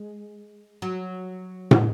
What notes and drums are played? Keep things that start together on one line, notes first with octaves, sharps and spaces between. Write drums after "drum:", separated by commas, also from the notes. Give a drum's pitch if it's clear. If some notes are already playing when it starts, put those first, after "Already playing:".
Already playing: G#3
F#3
G#3, drum: tom